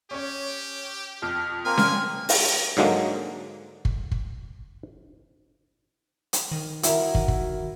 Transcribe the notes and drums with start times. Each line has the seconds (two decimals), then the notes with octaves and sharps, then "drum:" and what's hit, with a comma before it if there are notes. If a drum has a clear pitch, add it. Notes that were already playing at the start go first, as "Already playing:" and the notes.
0.11 C#4 G4 C#5
1.22 F2 F6
1.65 A#3 C4 A#4 G#5
1.78 drum: snare C#4
2.29 drum: open hi-hat
2.77 G#2 D3 F#3 G#3 A#3
3.85 drum: kick
4.11 drum: kick
6.33 drum: hi-hat
6.52 D#3
6.83 E4 F#4 A#4, drum: hi-hat
7.15 D#3, drum: kick
7.28 drum: kick